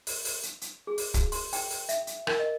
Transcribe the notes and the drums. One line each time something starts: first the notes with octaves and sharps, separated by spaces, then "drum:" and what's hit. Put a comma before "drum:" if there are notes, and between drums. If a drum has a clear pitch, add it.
drum: open hi-hat
drum: open hi-hat
drum: hi-hat
drum: hi-hat
G#4
drum: open hi-hat
F#4, drum: kick, hi-hat
C6, drum: open hi-hat
G5, drum: open hi-hat
drum: open hi-hat
E5, drum: hi-hat
drum: hi-hat
A#4, drum: rim click
D#5